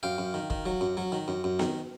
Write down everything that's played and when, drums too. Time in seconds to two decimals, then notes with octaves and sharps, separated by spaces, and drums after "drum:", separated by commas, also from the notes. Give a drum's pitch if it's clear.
0.03 F#2 F5 G5
0.18 F#2
0.34 D#3
0.50 D#3, drum: kick
0.66 F#3
0.81 F#2
0.97 F#3
1.12 D#3
1.28 F#2
1.44 F#2
1.59 D#3, drum: snare B3